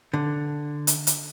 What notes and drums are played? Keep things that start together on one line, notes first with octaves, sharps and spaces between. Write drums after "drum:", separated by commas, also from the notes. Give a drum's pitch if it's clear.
D3
drum: hi-hat
drum: hi-hat